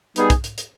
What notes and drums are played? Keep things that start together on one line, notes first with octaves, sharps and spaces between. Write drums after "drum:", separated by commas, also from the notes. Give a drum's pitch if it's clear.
G3 B3 D#4 G#4, drum: hi-hat
drum: kick, hi-hat
drum: hi-hat
drum: hi-hat